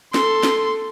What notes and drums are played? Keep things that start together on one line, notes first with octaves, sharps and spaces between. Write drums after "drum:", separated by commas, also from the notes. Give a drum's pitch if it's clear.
A4 C6, drum: snare
drum: snare